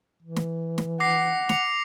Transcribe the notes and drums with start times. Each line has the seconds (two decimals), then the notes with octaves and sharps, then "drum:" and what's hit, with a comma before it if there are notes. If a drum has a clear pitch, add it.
0.23 E3
0.36 drum: snare
0.78 drum: snare
1.00 F#5 D6 A#6 C7
1.49 C#7 F7, drum: snare